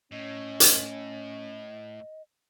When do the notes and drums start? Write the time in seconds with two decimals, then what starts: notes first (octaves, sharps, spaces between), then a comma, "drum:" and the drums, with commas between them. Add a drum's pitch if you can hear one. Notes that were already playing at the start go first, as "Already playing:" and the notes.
0.12 A2 C#4 D#5
0.60 drum: hi-hat